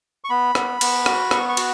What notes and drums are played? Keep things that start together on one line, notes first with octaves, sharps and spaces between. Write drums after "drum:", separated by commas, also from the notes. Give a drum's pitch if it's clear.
C#6
B3 B5
B3, drum: rim click
B3, drum: cymbal
F#4, drum: rim click
B3 C#6, drum: rim click
C#6
F#4, drum: cymbal